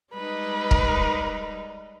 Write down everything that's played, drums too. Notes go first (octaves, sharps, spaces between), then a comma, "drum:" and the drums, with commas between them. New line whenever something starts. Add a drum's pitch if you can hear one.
G3 G#3 D#4 B4
drum: kick